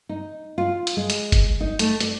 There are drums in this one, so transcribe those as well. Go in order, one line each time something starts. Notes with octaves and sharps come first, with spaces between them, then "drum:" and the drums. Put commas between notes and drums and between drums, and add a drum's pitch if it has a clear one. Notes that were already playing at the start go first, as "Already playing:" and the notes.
D#4
F4
drum: hi-hat
G#3
drum: hi-hat
drum: kick G1, hi-hat
D#4
A3, drum: hi-hat
D5, drum: hi-hat